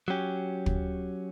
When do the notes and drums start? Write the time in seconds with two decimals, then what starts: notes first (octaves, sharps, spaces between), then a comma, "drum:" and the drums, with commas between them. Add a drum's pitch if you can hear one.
0.08 F#3 C#4 G4
0.66 drum: kick